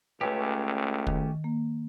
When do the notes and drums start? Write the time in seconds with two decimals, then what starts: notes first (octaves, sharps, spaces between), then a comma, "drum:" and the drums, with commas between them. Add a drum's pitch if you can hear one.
0.21 C#2 A3 C#4 G4 B4
1.07 D#3, drum: kick
1.44 A#3